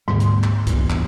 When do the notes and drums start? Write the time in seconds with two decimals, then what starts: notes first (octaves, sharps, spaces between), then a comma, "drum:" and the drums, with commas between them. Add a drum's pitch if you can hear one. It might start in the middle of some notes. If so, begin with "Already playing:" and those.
0.08 D2 G#2 B2 G3
0.20 drum: hi-hat
0.44 drum: clap
0.67 E2 G2 A#2, drum: kick C2, hi-hat
0.90 drum: clap